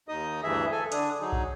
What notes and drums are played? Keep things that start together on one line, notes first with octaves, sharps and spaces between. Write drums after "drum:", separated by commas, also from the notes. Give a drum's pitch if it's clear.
D#2 D#4 D#5 D#6
D2 G2 E3 G#4 E5
A4 G#5
D3 D4 D#6, drum: hi-hat
F#3 D#4 G#4
drum: kick